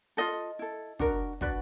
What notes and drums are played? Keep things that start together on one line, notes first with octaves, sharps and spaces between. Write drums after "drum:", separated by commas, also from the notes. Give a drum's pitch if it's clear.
F4 A4 D#5
E4 A4
D4 F#4 A#4, drum: kick
D4 F#4 B4 D5, drum: kick